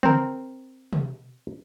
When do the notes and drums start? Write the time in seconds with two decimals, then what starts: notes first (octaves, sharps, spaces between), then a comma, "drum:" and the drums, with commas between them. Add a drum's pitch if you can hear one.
0.03 C4 A#4, drum: tom
0.93 drum: tom